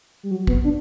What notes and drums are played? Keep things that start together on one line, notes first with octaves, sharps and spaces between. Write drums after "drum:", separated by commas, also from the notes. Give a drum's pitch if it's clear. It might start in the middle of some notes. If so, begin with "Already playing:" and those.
G3
F#3
B3, drum: kick
D4